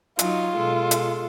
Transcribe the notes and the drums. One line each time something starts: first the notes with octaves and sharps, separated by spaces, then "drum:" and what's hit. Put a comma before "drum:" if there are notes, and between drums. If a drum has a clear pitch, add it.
F#3 D#4 F4, drum: hi-hat
B2 G#3 A4
drum: hi-hat